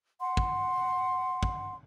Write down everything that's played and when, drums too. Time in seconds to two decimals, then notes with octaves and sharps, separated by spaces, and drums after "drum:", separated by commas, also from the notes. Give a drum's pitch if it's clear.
0.20 F#5 C6
0.37 drum: kick
1.43 drum: kick